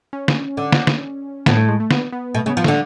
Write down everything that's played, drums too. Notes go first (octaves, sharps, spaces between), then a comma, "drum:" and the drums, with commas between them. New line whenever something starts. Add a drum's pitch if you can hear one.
C#4
drum: snare
D3
drum: snare
drum: snare
A2 B3, drum: snare
A3
G#3
A3
B3, drum: snare
B3
B2 A3
C#3 A3
B3
F3
D3 A3, drum: snare